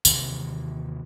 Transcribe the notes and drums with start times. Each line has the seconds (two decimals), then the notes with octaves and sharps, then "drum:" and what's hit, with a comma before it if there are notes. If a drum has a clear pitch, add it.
0.05 D#2 C3 D#3 E3, drum: tambourine